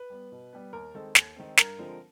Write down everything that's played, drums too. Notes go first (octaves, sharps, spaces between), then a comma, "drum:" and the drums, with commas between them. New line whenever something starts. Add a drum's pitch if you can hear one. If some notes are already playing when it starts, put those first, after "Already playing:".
Already playing: B4
G3 B3
B2
G3 B3
D#2 A#4
D#3 G#3 C4 A4
D#2, drum: snare
D#3 G#3 C4
G2 A#4, drum: snare
D3 F3 G#3 C4